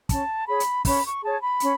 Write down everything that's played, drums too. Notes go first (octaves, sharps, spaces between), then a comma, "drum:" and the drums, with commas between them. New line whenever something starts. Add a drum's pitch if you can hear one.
C#4 A5, drum: kick, hi-hat
G#4 C#5 B5
drum: hi-hat
C#4 B5, drum: kick, open hi-hat
C#6
G#4 C#5 A5
B5
C#4, drum: hi-hat